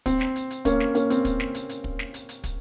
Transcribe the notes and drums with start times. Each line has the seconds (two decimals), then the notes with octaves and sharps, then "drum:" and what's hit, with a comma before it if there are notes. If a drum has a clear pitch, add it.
0.06 C4, drum: kick, hi-hat
0.21 drum: snare
0.36 drum: hi-hat
0.50 drum: hi-hat
0.65 A#3 C#4, drum: kick, hi-hat
0.80 drum: snare
0.95 A#3 C#4, drum: hi-hat
1.10 C4, drum: hi-hat
1.25 drum: kick, hi-hat
1.40 drum: snare
1.54 drum: hi-hat
1.69 drum: hi-hat
1.84 drum: kick
1.99 drum: snare
2.14 drum: hi-hat
2.29 drum: hi-hat
2.44 drum: kick, hi-hat